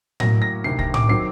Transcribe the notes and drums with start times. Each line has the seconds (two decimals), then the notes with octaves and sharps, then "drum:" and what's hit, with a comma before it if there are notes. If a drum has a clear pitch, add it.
0.20 A2 F#3 A#3 A#6, drum: tom A2
0.42 A#6
0.64 D2 C3 D#3 C7
0.79 A#6, drum: kick C2
0.94 D6, drum: tom A2
1.09 D#3 F#3 C4 C7